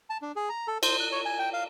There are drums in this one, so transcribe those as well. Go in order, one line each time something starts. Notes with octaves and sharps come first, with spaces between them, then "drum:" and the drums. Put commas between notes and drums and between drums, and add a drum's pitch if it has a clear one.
A5
D4
G#4
A#5
A4
C5, drum: cymbal
F#6
C#5
G#5
G5
F5